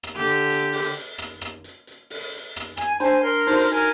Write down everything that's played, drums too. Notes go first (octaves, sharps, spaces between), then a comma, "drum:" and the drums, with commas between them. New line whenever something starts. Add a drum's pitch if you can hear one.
drum: rim click
D3 G4
drum: hi-hat
drum: hi-hat
drum: open hi-hat
drum: hi-hat
drum: rim click
drum: rim click
drum: hi-hat
drum: hi-hat
drum: open hi-hat
drum: hi-hat
drum: rim click
G#5, drum: rim click
D4 C5 G#5 A5 B5, drum: hi-hat
A#4 C6
D#4 F#4 C5, drum: open hi-hat
A#4 G#5, drum: hi-hat